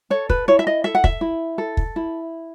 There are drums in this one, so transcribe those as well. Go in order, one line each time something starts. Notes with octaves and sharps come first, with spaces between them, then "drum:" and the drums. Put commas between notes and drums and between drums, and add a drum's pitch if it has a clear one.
A4 C#5
B4, drum: kick
E4 C#5
E5
D#5
A4 E5
F#5
E5, drum: kick
E4
A4
drum: kick
E4